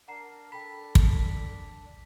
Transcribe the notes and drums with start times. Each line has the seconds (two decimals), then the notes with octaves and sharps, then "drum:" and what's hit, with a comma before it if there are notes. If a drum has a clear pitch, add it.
0.08 D4 A#4 F#5 A#5 C7
0.52 A4 G5 B5 B6
0.95 drum: kick